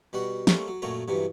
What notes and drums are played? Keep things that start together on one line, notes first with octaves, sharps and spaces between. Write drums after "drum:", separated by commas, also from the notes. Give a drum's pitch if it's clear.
B2 G3 F#4 F#5
G3 A3 A#3 C4 C#4, drum: snare
F#3
F#2 A#2 F#3 A3 C#5 A#5
G2 C3 E3 F#3